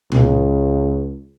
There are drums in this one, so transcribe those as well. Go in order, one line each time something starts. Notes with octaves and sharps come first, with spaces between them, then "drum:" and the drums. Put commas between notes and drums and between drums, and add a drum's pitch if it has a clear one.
C#2, drum: tom A#2